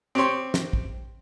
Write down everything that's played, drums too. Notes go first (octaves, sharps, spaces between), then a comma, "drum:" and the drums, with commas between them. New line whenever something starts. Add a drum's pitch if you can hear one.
C4 G4 C#5 C6
drum: snare
drum: kick